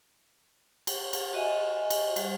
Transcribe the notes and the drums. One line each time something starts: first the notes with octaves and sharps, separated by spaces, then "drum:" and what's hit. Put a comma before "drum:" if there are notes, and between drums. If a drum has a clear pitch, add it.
drum: cymbal
drum: cymbal
F#4 D#5 E5 G#5
drum: cymbal
G3 F#4 C5, drum: cymbal